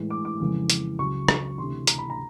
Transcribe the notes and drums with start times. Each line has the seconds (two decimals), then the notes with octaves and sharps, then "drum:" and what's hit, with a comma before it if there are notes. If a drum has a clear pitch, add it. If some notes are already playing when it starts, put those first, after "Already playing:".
Already playing: A2 E3 G#3
0.10 D6
0.25 D6
0.40 F2 C#3 E3 G#3
0.70 drum: hi-hat
0.99 C#2 C#3 F#3 C#6
1.28 drum: rim click
1.58 D2 C3 E3 C6
1.87 A#5, drum: hi-hat
1.98 B5
2.10 A#5